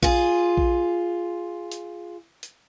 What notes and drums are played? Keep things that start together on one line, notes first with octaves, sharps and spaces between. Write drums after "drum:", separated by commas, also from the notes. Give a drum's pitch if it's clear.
F4 G#4, drum: kick A#1
drum: kick A#1
drum: hi-hat
drum: hi-hat